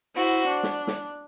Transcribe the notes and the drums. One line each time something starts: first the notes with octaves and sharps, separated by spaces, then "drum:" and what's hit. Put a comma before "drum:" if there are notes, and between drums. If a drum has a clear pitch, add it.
E4 F#4 C5
D4
drum: snare
drum: snare